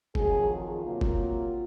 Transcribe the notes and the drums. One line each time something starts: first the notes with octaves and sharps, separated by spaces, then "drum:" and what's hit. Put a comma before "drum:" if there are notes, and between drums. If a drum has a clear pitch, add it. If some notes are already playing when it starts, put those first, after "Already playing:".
F2 D#3 F#3 G#4, drum: kick F1
F4
C3 F#3 A#3
drum: kick F1